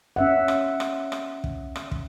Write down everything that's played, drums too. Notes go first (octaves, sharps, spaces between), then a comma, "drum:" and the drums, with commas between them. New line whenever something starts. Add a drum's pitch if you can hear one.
C#4 E5 F#5
drum: rim click
drum: rim click
drum: rim click
drum: kick
drum: rim click
drum: kick